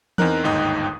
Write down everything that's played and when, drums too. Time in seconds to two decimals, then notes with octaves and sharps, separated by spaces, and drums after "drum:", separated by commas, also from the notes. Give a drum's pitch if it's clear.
0.18 E2 C4 D#4 A#4 F#6, drum: tom E3
0.43 G1 D#2 G#2 D#4 G5 D#6